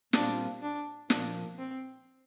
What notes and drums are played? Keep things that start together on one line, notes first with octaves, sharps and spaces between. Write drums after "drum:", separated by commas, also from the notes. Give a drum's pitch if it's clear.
A#2 G3 C4 D4 F4, drum: snare
D4
A#2 F3 A#3 D4, drum: snare
C4